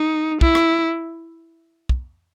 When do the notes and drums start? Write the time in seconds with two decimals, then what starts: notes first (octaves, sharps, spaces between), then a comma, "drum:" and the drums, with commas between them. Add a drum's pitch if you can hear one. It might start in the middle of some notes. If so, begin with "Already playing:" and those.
Already playing: D#4
0.41 E4, drum: kick
0.55 drum: rim click
1.89 drum: kick